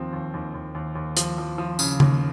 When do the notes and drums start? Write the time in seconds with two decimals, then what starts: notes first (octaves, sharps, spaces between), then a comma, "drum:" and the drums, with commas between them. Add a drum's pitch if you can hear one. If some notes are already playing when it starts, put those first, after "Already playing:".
Already playing: D#2 F3 C4
0.13 D#2
0.34 D#2
0.54 D#2
0.75 D#2
0.95 D#2
1.17 F3, drum: hi-hat
1.38 F3
1.58 F3
1.79 C#3, drum: tambourine
2.00 D#2, drum: tom C#3